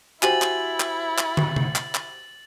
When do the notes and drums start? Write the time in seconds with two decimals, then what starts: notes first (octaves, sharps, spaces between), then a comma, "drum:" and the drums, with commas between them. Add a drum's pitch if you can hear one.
0.23 E4 F#4 G4 C5 G#5 A6 F#7, drum: clap
0.42 drum: clap
0.80 drum: clap
1.18 drum: clap
1.37 drum: tom
1.56 drum: tom C3
1.76 drum: clap
1.95 drum: clap